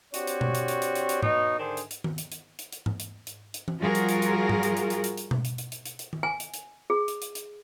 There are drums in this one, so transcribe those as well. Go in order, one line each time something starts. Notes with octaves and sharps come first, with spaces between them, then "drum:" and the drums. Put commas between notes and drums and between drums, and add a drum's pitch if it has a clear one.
C4 D4 F#4 G4 C#5, drum: hi-hat
drum: hi-hat
drum: tom B2
drum: hi-hat
drum: hi-hat
drum: hi-hat
drum: hi-hat
drum: hi-hat
B2 D#4 C#5 D#5, drum: tom G#2
D3 D#3 D4 G#4 C5
drum: hi-hat
drum: hi-hat
drum: tom D#3
drum: hi-hat
drum: hi-hat
drum: hi-hat
drum: hi-hat
drum: tom G#2
drum: hi-hat
drum: hi-hat
drum: hi-hat
drum: tom E3
F3 G3 F4 F#4 G#4 A#4
drum: hi-hat
drum: hi-hat
drum: hi-hat
drum: tom G#2
drum: hi-hat
drum: hi-hat
drum: hi-hat
drum: hi-hat
drum: hi-hat
drum: tom B2
drum: hi-hat
drum: hi-hat
drum: hi-hat
drum: hi-hat
drum: hi-hat
drum: tom D#3
G#5
drum: hi-hat
drum: hi-hat
G#4
drum: hi-hat
drum: hi-hat
drum: hi-hat